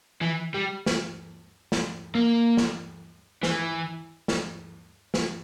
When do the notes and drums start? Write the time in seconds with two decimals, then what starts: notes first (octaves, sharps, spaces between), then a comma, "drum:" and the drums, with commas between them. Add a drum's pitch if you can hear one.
0.22 E3
0.54 G3
0.86 drum: snare
1.72 drum: snare
2.15 A#3
2.57 drum: snare
3.43 E3, drum: snare
4.28 drum: snare
5.14 drum: snare